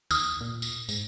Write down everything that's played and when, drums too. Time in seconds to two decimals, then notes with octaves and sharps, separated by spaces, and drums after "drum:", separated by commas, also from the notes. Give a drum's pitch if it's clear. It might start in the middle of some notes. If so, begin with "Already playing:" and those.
0.11 D#2 D#6 F6, drum: tambourine
0.41 A#2
0.62 drum: tambourine
0.89 G#2, drum: tambourine